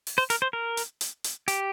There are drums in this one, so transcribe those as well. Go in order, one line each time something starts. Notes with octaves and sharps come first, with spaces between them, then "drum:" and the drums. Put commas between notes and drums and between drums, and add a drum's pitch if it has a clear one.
drum: open hi-hat
C5
A#4, drum: hi-hat
C5
A#4
drum: hi-hat
drum: hi-hat
drum: hi-hat
G4, drum: hi-hat